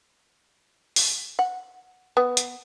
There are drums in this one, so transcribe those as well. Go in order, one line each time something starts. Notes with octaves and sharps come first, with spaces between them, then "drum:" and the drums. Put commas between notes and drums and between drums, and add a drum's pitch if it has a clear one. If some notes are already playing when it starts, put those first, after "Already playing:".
drum: open hi-hat
F#5
B3
drum: hi-hat